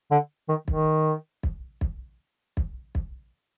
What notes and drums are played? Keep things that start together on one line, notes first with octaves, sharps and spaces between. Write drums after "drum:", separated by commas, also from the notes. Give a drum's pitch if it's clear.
D3
D#3
D#3, drum: kick
drum: kick
drum: kick
drum: kick
drum: kick